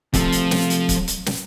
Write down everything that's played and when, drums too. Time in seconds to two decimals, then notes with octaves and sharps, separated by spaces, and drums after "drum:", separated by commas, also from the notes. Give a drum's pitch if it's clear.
0.14 C3 F3 A3 A4, drum: kick C#1, hi-hat
0.32 drum: hi-hat
0.51 drum: snare
0.70 drum: hi-hat
0.89 drum: kick C#1, hi-hat
1.08 drum: hi-hat
1.26 drum: snare